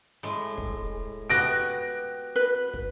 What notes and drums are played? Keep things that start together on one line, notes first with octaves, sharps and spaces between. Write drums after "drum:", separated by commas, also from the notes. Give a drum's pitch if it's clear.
A2 G#3
drum: kick
B3 F#4 G4 F#6 A#6 D7
B4
drum: kick